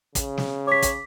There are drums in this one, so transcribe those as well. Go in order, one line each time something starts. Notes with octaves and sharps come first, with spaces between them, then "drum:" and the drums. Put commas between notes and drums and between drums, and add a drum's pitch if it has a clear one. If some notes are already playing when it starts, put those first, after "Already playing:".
C#3, drum: kick, hi-hat
drum: snare
C#5 D6 B6
drum: kick, hi-hat